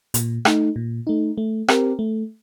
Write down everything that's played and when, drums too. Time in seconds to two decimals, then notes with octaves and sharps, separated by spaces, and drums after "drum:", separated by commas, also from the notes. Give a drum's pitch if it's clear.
0.14 A#2, drum: hi-hat
0.45 A3 D#4, drum: rim click
0.76 A#2
1.07 A3 D#4
1.38 A3
1.68 C4 G4 A#4, drum: rim click
1.99 A3